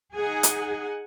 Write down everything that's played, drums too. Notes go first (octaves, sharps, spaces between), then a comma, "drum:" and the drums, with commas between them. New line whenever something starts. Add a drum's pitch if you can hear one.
D#4 G#4 F#5 G#5
drum: hi-hat